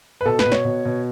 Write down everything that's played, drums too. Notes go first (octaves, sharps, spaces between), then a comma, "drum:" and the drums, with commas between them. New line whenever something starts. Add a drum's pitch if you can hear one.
B4
B2 A4
B4, drum: snare
B2
C#5, drum: snare
B2
B2